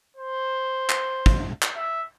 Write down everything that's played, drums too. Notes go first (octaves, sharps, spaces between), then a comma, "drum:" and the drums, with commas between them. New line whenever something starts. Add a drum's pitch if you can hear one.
C5
drum: clap
drum: kick
drum: clap
E5